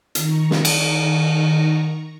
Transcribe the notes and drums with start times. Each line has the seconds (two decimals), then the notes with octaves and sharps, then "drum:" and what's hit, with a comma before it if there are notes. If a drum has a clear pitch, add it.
0.15 D#3 A#5 C#6, drum: hi-hat
0.51 drum: snare
0.65 drum: cymbal